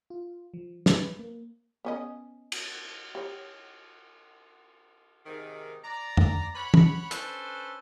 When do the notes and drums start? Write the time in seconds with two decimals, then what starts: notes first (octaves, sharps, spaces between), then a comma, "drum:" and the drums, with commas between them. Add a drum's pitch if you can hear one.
0.10 F4
0.54 F3
0.86 B4, drum: snare
1.19 A#3
1.85 B3 C#4 D#5
2.52 drum: cymbal
3.15 G4 C#5
5.26 G#2 C3 D#3
5.84 D5 A#5
6.17 drum: tom F2
6.55 C#5 F#5 B5
6.74 drum: tom
7.11 C#4 D4 A4 B4 C5, drum: hi-hat